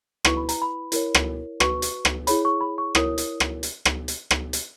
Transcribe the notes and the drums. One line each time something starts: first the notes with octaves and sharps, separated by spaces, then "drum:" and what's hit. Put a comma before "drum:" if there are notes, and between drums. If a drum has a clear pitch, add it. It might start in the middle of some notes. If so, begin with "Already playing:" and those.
E4 B4 C#6, drum: rim click
B5
A#5, drum: hi-hat
B5
E4 A#4 C#5, drum: hi-hat
drum: rim click
F#4 B4 C#6, drum: rim click
drum: hi-hat
drum: rim click
E4 G#4 C#5 B5, drum: hi-hat
C#6
B5
C#6
E4 A#4 C#5 D#6, drum: rim click
drum: hi-hat
drum: rim click
drum: hi-hat
drum: rim click
drum: hi-hat
drum: rim click
drum: hi-hat